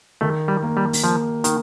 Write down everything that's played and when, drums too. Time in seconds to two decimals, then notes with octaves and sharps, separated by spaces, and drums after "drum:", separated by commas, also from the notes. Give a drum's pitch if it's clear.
0.21 D#3 A3
0.48 G3
0.63 A#3
0.77 G3
0.93 drum: open hi-hat
1.03 F3 A#3
1.44 D#3 A#3, drum: hi-hat